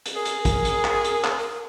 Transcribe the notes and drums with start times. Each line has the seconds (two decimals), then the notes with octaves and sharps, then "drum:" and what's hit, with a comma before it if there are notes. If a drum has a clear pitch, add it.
0.06 drum: hi-hat
0.15 G#4 A#4
0.25 drum: hi-hat
0.45 A#4, drum: kick, hi-hat
0.65 drum: hi-hat
0.85 drum: clap
1.04 drum: hi-hat
1.24 drum: clap
1.39 A#4